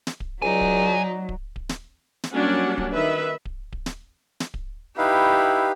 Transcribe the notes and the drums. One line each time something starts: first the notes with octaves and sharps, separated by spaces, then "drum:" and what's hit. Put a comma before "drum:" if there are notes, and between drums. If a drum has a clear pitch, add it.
drum: snare
drum: kick D1
C#2 F#3 D#4 D5 G#5
drum: kick D1
drum: kick D1
drum: kick D1
drum: snare
drum: snare
F#3 G3 A#3 C#4 D4 F#5
drum: kick D1
D#3 B4 E5
drum: kick D1
drum: kick D1
drum: snare
drum: snare
drum: kick D1
D#4 E4 G4 B4 F5